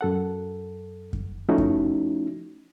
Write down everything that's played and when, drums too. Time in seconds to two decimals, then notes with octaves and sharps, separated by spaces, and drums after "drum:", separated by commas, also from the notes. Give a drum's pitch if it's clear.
0.01 F#2 A4 F#5
1.13 drum: kick F#2
1.49 F3 A3 C#4 D#4 E4 F#4
1.58 drum: kick F#2